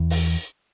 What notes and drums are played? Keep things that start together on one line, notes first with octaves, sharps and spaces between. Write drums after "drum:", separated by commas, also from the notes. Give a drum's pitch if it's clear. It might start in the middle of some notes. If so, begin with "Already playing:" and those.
Already playing: E2
drum: open hi-hat